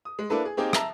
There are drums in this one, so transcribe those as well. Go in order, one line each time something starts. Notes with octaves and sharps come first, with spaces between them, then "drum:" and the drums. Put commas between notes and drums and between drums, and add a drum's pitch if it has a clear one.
D#6
G#3
A#3 D4 E4 A4 B4
G#4
A#3 C4 D#4 G4 G#4 A#4
E5 A5 A#5, drum: rim click